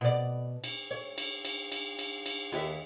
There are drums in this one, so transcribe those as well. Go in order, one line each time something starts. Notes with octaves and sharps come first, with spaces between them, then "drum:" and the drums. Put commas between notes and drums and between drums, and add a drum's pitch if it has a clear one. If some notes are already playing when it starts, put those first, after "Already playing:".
B2 D5
drum: cymbal
C#5
drum: cymbal
drum: cymbal
drum: cymbal
drum: cymbal
drum: cymbal
D#2 G4 E5